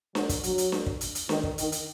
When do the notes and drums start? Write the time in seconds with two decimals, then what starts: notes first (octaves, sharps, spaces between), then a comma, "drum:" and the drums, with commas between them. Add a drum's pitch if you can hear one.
0.15 F#3, drum: snare D4
0.29 drum: kick, hi-hat
0.43 F#3, drum: hi-hat
0.58 drum: hi-hat
0.72 drum: snare D4
0.86 drum: kick
1.01 drum: hi-hat
1.15 drum: hi-hat
1.29 D#3, drum: snare D4
1.44 drum: kick
1.58 D#3, drum: hi-hat
1.72 drum: hi-hat